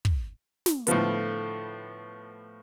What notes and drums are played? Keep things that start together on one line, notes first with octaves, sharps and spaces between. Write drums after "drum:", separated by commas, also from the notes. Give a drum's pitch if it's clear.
drum: kick
drum: snare
A2 D3 F3 B3, drum: hi-hat